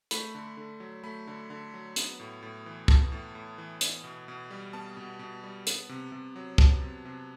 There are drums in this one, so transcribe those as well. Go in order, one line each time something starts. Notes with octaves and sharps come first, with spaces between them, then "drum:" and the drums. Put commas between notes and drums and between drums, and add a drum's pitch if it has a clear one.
A3 B5, drum: hi-hat
D3
D3
F#3
A3 B5
D3
D3
F#3
B3, drum: hi-hat
A2
A2
E3
B3 A5, drum: kick
A2
A2
E3
B3, drum: hi-hat
B2
B2
G3
B3 A5
B2
B2
G3
B3, drum: hi-hat
C3
C3
F#3
B3 A5, drum: kick
C3
C3